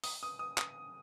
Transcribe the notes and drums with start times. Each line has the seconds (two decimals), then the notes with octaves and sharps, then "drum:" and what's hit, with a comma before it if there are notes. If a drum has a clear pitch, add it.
0.04 D#6, drum: open hi-hat
0.23 D#6
0.39 D#6
0.58 D#6, drum: clap